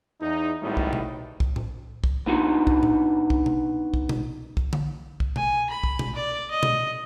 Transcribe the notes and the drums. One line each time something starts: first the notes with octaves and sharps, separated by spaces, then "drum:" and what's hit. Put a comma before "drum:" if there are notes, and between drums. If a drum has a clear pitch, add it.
E2 D#4
G#1 A2 G3 B3 D#4
drum: kick
drum: tom B2
drum: kick
drum: tom A2
drum: kick
B3 D4 D#4 F#4
drum: kick
drum: tom A2
drum: kick
drum: tom B2
drum: kick
drum: tom B2
drum: kick
drum: tom D3
drum: kick
G#5, drum: tom B2
B5
drum: kick
drum: tom B2
D5
D#5
drum: tom B2